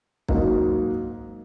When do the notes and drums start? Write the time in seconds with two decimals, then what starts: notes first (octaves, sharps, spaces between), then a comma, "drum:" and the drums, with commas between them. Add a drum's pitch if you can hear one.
0.28 G#2 F#3 A#3 D#4, drum: kick